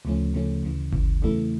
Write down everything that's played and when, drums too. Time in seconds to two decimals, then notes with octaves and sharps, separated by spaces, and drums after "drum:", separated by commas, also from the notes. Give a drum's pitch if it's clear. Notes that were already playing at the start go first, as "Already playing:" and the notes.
0.05 D2 C#3 F3 A3 C#4
0.34 D2 C#3 F3 A3 C#4
0.63 D2 C#3 E3
0.92 D2 C#3 E3, drum: kick G1
1.22 E2 C#3 E3 A3 E4